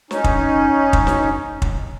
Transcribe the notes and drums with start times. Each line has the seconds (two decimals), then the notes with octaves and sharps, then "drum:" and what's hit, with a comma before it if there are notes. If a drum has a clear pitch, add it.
0.11 C#4 D#4, drum: snare
0.24 drum: kick
0.93 drum: kick
1.07 drum: snare
1.62 drum: kick